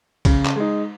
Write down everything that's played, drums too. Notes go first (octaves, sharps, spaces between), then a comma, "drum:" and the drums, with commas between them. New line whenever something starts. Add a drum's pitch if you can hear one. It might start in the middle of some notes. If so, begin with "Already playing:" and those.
C#3, drum: kick B1, cymbal
drum: clap
G#3 D#4